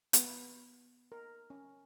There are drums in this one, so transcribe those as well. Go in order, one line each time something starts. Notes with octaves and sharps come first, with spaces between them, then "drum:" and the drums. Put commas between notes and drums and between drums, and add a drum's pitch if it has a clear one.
B3, drum: hi-hat
A#4
C#4